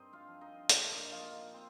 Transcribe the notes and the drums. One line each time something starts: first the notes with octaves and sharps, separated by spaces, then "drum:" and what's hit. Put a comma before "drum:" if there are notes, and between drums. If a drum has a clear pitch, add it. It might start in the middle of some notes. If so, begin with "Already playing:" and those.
Already playing: G2 C4 D#4 C5 D#5
F4 F5
F3
D#4 D#5
A#2 D4 D5, drum: hi-hat
D#4 D#5
F3 F4 F5
D#4 D#5
C4 C5